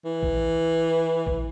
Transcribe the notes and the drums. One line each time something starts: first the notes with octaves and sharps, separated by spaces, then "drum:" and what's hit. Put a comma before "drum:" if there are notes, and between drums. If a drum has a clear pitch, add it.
E3
drum: kick A1
drum: kick A1